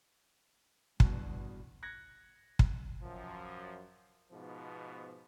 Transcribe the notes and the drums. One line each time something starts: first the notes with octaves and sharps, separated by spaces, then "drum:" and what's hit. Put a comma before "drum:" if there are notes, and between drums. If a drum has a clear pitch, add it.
E2 G2 B2, drum: kick
F#6 G#6 A#6 C#7
drum: kick
F#2 F3
G#2 B2 F3 B3